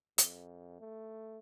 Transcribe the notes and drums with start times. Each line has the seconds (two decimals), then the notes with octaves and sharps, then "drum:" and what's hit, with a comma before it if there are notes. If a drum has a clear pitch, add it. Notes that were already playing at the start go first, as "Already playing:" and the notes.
0.18 F2, drum: hi-hat
0.80 A3